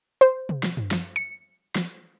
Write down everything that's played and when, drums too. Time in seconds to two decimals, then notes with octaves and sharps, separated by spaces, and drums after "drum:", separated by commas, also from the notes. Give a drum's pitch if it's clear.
0.21 C5
0.49 drum: tom
0.63 drum: snare
0.77 drum: tom F#2
0.91 drum: snare
1.16 C#7
1.76 drum: snare